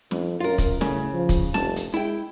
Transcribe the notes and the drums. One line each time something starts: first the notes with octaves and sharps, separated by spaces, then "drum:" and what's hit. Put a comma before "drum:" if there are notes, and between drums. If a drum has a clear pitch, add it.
F2, drum: snare
F#2 F4 A#4
drum: kick, hi-hat
A2 C#3, drum: snare
F3
drum: kick, hi-hat
F1 A5, drum: snare
drum: hi-hat
G#3 E4 G5